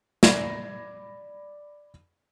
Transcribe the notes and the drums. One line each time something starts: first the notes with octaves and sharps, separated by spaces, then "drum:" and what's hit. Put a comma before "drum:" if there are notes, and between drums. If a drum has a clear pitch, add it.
D5 B5 G#6 A#6, drum: snare